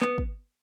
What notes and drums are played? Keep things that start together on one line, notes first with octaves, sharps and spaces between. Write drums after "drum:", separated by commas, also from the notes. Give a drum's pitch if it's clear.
B3, drum: clap
drum: kick